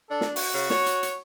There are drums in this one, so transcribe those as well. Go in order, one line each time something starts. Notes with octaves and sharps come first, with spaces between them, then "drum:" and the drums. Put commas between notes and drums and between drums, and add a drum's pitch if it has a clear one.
D4 A4
drum: snare
F#4, drum: open hi-hat
C#3
C#5, drum: snare
drum: hi-hat
drum: hi-hat